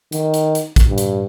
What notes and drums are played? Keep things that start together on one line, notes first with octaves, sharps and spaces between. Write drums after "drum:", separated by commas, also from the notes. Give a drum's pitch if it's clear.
D#3, drum: hi-hat
drum: hi-hat
drum: hi-hat
drum: kick, hi-hat
G2
drum: hi-hat